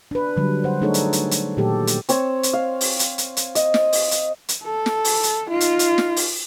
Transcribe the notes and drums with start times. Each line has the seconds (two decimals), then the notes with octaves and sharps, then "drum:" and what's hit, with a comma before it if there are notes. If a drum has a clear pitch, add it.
0.11 D4 B4
0.37 D3 F#3 G3
0.64 C5 F#5
0.81 A3 D4 D#4 G#4 A4 C#5
0.94 drum: hi-hat
1.13 drum: hi-hat
1.31 drum: hi-hat
1.57 A#2 D#3 F#3 A3 G4 A4
1.87 drum: hi-hat
2.09 C4 C#5 E6, drum: hi-hat
2.43 drum: hi-hat
2.53 F5
2.81 drum: open hi-hat
2.99 drum: hi-hat
3.18 drum: hi-hat
3.37 drum: hi-hat
3.55 D#5, drum: hi-hat
3.74 drum: snare
3.93 drum: open hi-hat
4.11 drum: hi-hat
4.49 drum: hi-hat
4.64 A4
4.86 drum: snare
5.05 drum: open hi-hat
5.23 drum: hi-hat
5.49 D#4 F4
5.60 drum: hi-hat
5.79 drum: hi-hat
5.98 drum: snare
6.16 drum: open hi-hat